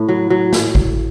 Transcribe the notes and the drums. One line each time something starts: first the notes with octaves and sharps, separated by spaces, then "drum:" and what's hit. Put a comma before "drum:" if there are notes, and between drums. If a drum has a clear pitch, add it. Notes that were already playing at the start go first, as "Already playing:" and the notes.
Already playing: A2 E4
F#3
F#3
drum: snare
drum: kick G#1